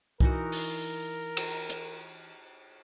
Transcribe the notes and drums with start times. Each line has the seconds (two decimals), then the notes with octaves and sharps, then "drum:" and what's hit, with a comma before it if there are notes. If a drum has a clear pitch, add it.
0.20 E3 D#4 F#4 A#4, drum: kick C2
0.52 drum: open hi-hat
1.37 drum: cymbal
1.70 drum: hi-hat